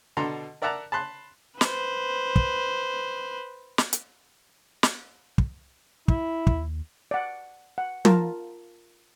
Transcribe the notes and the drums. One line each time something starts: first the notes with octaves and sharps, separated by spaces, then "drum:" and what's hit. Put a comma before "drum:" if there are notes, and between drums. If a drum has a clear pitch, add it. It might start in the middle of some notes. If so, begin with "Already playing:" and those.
B2 D3 A4 A#5 C6
A#4 D5 E5 F#5 A5 A#5
A5 B5 C6 F#6
B4 C5, drum: snare
drum: kick
drum: snare
drum: hi-hat
drum: snare
drum: kick
E4, drum: kick
D#2, drum: kick
D5 F#5
F#5
F4 A#4 A5, drum: tom